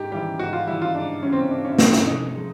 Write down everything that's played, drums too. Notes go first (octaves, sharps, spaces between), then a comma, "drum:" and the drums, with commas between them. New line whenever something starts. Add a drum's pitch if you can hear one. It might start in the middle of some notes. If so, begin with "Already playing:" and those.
Already playing: G#2 G4
E3 G3 G4
G#2 F#4
F4
E3 G3 E4
F4
G#2 D4
E3 G3 C#4
C4
C#4
G#2 D4
C#4
E4
E3 G3 D#4, drum: snare
E4, drum: snare
F2 D#4
F3 G#3